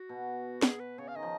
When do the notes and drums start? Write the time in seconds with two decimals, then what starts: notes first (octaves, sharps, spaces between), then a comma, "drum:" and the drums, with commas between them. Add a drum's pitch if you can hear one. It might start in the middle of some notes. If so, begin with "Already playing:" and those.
Already playing: F#4
0.09 B2
0.62 G#4, drum: snare
0.80 B4
0.98 C#3 C#5
1.08 F5
1.16 D#3 D#5
1.23 F3